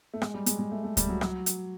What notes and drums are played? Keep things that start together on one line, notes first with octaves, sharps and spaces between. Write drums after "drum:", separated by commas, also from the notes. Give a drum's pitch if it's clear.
A3
G#3, drum: rim click
G3
G#3, drum: hi-hat
G#3
A3
A3
G3, drum: kick C#2, hi-hat
F#3
F#3, drum: rim click
drum: hi-hat